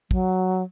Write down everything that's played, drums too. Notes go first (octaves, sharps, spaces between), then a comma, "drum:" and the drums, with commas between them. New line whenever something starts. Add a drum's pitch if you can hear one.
F#3, drum: kick